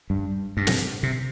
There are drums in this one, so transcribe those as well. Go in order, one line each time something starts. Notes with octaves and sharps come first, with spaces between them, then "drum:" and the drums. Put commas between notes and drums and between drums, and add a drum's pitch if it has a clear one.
G2
G2
drum: snare
C3